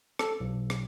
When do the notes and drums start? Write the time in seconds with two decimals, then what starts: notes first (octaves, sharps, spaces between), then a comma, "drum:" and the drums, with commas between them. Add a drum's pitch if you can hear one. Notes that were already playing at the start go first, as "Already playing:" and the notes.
0.19 A4, drum: rim click
0.40 B1
0.70 drum: rim click